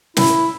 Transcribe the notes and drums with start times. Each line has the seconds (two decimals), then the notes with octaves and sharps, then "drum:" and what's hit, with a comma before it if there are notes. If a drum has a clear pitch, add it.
0.17 E4, drum: snare